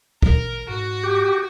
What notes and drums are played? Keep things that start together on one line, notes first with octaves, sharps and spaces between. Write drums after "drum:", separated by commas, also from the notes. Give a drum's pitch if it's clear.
A1 A#4, drum: kick
G#2 F#4
G4